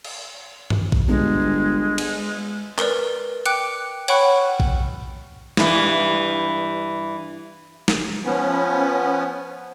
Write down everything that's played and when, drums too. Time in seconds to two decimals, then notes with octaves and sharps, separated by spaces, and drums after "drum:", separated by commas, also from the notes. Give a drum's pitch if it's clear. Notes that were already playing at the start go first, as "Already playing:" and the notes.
0.05 drum: cymbal
0.70 drum: tom G2
0.92 drum: kick
1.08 G1 G#3
1.98 drum: cymbal
2.78 A#4 B4 D5, drum: clap
3.46 G5 D6 F#6 C#7 D7, drum: hi-hat
4.08 C#5 F#5 G5 B5 C#6 F#6, drum: cymbal
4.60 drum: kick
5.57 G2 E3, drum: snare
7.88 drum: snare
8.25 F3 B3 C#4